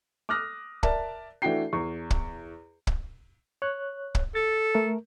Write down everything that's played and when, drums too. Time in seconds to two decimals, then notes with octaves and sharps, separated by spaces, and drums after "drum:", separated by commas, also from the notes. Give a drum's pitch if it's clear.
0.29 D6 D#6 F6 F#6 A#6
0.83 A#4 D5 E5 A5, drum: kick
1.42 E3 A3 D4 F#4 G5 C7
1.73 E2 C#6
2.10 drum: kick
2.87 drum: kick
3.62 C#5 F#6
4.15 drum: kick
4.35 A4 A6
4.75 A3 A#4